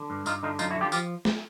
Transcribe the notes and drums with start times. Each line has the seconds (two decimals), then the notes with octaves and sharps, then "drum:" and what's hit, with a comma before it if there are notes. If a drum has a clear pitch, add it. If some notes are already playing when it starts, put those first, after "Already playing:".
Already playing: D3
0.10 G2
0.26 G2 D#4 F4, drum: tambourine
0.43 D3 D#4 F4
0.59 F#2 D#4 F4, drum: tambourine
0.71 E4 F#4
0.76 D3
0.81 F4 G4
0.92 F3 F4 G4, drum: tambourine
1.25 drum: snare